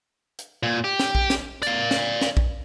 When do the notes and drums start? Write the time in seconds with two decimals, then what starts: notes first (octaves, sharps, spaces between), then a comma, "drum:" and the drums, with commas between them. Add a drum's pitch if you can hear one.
0.39 drum: hi-hat
0.63 A#2
0.84 G4
1.00 drum: snare
1.15 drum: kick
1.30 drum: snare
1.63 D5 F5, drum: hi-hat
1.91 drum: snare
2.21 drum: snare
2.37 drum: kick